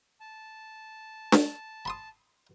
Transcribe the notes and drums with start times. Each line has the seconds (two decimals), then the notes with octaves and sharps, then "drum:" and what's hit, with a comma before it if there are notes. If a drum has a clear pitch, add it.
0.20 A5
1.32 drum: snare D4
1.85 B5 C6 D#6